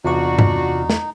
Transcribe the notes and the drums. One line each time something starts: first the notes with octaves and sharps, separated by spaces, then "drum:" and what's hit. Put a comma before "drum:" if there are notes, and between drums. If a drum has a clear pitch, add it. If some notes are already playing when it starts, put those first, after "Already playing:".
E2 C3 D4 D#4 F4 F#4 C#6
drum: tom G2
drum: snare